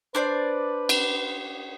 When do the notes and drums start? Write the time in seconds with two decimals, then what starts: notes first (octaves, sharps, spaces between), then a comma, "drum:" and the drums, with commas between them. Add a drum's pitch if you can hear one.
0.15 D4 B4 C5 D5
0.89 drum: cymbal